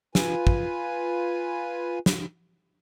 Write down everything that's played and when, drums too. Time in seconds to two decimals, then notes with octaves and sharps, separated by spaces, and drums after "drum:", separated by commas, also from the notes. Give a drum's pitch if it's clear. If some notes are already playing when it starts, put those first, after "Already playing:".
0.15 F4 B4 G#5, drum: snare
0.47 drum: kick
2.06 drum: snare